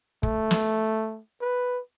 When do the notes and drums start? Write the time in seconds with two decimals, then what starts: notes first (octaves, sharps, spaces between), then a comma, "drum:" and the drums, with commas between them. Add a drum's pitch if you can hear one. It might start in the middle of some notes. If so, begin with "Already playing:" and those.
0.23 A3, drum: kick
0.51 drum: snare
1.41 B4